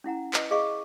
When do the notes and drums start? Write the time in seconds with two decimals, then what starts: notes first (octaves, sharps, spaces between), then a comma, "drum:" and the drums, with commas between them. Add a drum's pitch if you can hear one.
0.04 C#4 E4 F#5 A#5
0.34 B4 D#5, drum: clap
0.51 G#4 D#5 F5 C#6